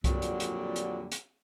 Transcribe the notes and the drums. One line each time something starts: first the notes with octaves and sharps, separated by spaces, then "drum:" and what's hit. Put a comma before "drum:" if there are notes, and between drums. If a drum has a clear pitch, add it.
F2 A#2 D3 F#3 G3, drum: kick C2, hi-hat
drum: hi-hat
drum: hi-hat
drum: hi-hat
drum: hi-hat